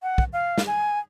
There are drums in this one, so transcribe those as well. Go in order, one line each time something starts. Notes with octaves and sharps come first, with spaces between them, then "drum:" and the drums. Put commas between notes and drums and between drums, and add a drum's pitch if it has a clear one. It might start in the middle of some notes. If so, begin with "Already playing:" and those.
F#5
drum: kick
F5
drum: snare
G#5